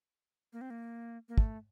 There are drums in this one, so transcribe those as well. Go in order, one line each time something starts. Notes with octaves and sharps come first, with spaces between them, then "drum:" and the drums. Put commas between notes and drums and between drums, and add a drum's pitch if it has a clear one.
A#3
C4
A#3
A#3
A3, drum: kick